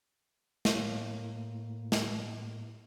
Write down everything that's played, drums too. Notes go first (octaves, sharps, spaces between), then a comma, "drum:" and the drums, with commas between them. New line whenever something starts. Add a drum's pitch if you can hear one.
A2 A#3, drum: snare
drum: snare